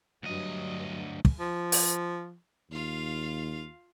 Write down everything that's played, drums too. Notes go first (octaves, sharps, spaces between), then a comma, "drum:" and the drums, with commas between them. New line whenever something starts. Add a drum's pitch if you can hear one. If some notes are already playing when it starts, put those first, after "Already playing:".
D2 G2 F#3 D#5
drum: kick
F3
drum: open hi-hat
D#2 F4 F5